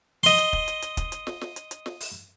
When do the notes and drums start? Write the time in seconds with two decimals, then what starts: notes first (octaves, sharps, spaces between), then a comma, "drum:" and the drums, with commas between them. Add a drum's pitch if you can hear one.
0.23 D#5 C6, drum: open hi-hat
0.38 drum: hi-hat
0.53 drum: kick
0.68 drum: hi-hat
0.82 drum: hi-hat
0.97 drum: kick, hi-hat
1.12 drum: hi-hat
1.27 drum: snare
1.41 drum: snare
1.56 drum: hi-hat
1.71 drum: hi-hat
1.86 drum: snare
2.00 drum: open hi-hat